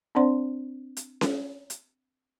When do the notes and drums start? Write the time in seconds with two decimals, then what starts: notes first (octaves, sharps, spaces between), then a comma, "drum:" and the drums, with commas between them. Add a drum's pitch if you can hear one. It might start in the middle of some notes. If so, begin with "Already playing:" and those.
0.15 C4 D4 C5 D5 F#5 C6
0.97 drum: hi-hat
1.21 drum: snare C#4
1.70 drum: hi-hat